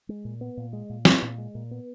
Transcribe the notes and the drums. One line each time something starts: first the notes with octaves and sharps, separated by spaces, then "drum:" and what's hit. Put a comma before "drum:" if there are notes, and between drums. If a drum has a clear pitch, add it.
G#3
A#2
B3
A#2
G#3
A#2
B3, drum: snare
A#2
G#3
A#2
B3